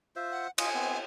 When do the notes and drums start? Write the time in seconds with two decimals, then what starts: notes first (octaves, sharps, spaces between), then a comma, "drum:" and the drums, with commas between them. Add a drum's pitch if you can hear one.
0.16 F4 C5 E5
0.31 F#5
0.58 F4 D#5 G#5, drum: cymbal
0.75 B3 C4